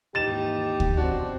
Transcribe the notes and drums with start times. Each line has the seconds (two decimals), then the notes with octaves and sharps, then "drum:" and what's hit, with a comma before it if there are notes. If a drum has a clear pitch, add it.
0.15 D#2 G#2 E3 D#4 G4 A6 E7
0.80 drum: kick
0.97 E2 C4 D4 F#4